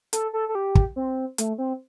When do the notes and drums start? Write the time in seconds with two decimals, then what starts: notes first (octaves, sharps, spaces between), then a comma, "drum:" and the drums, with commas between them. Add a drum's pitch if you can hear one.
0.13 A4, drum: hi-hat
0.33 A4
0.49 A4
0.55 G4
0.75 drum: kick
0.96 C4
1.38 A3, drum: hi-hat
1.58 C4